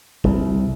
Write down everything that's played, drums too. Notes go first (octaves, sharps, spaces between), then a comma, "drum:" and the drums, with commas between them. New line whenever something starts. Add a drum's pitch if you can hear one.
C2, drum: kick